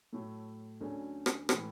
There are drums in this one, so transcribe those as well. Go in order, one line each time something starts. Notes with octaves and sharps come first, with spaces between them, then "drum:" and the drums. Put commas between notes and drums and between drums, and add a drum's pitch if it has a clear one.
A2 F#3 A3
D2 D3 F#3 C#4 G#4
drum: rim click
A2 E3 G#3, drum: rim click